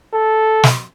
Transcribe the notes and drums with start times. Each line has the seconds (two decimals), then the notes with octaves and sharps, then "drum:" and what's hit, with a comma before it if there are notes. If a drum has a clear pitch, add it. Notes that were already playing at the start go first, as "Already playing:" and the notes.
0.14 A4
0.63 drum: snare